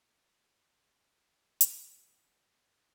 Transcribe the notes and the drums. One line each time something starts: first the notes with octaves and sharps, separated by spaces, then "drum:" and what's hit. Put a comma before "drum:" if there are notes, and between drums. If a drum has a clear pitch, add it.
A#3 E4
drum: hi-hat